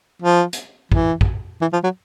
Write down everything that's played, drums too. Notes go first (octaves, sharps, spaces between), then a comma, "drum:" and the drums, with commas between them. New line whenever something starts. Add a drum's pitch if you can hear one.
F3
drum: hi-hat
E3, drum: kick
drum: kick
E3
F3
F#3